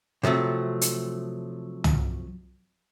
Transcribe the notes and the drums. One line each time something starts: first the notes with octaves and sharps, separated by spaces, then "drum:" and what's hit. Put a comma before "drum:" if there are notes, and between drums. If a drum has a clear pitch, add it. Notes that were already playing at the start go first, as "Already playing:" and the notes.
C3 F3 F#3 A3
drum: hi-hat
drum: tom